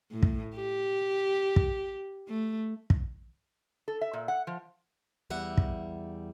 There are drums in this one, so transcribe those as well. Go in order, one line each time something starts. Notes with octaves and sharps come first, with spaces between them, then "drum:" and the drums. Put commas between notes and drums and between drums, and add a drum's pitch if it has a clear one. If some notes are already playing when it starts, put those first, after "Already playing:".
A2
drum: kick
G4
drum: kick
A3
drum: kick
A4
E5
A#2
F#5
F3
E2 G3 E5 F#5
drum: kick